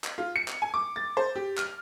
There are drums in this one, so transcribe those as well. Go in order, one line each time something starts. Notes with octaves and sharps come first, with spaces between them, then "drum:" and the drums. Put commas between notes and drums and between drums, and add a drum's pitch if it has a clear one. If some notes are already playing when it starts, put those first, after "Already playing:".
drum: clap
F4
C#7
drum: clap
G#5
D6
A6
C5
G4
F6, drum: clap